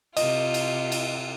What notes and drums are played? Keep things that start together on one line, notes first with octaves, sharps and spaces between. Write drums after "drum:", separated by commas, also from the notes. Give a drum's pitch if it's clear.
C3 F4 D#5, drum: cymbal
drum: cymbal
drum: cymbal